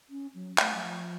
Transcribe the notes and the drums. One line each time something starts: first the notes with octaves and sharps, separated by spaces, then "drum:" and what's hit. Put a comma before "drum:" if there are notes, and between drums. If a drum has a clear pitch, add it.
C#4
F#3
A3, drum: clap
F#3
F3